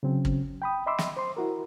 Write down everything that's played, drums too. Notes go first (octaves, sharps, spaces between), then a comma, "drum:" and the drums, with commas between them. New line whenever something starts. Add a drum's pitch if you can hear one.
C#3 F#3 C4 C#4
drum: kick
G5 B5 D#6
D#5 E5 B5 C6 D6 E6
drum: snare
C5 C6
E4 F#4 A#4